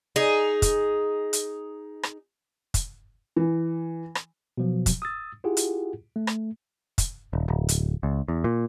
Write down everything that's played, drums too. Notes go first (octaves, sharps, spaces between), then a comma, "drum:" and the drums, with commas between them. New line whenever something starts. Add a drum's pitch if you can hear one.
D#4 G#4
drum: kick, hi-hat
drum: hi-hat
drum: rim click
drum: kick, hi-hat
E3
drum: rim click
B2 F3 F#3
drum: kick, hi-hat
D#6 E6 A6
E4 F4 G4 G#4 F#5
drum: hi-hat
A3
drum: rim click
drum: kick, hi-hat
D#1
D1
drum: hi-hat
C#2
E2
A#2